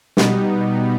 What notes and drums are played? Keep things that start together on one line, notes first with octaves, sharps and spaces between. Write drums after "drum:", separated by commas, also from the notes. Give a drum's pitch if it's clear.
B2 G3 B3 D#4, drum: snare